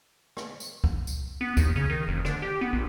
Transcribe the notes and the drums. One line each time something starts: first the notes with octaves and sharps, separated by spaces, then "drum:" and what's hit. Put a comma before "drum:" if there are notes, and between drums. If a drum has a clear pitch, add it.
drum: rim click
drum: tambourine
drum: kick
drum: tambourine
B3
D#2, drum: kick, tambourine
C#3
D#3
F1
D3, drum: rim click
G4
B3
A#1